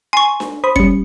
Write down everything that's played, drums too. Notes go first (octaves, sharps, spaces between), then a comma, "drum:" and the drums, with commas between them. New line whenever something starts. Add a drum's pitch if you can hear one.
G#5 C6 C#6
drum: snare D4
C5 B5 D#6
G3 C#4 C#7, drum: kick